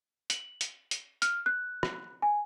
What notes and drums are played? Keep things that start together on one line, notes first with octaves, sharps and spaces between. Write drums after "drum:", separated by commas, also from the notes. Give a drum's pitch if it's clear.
F#7, drum: hi-hat
drum: hi-hat
drum: hi-hat
F6, drum: hi-hat
F#6
drum: rim click
G#5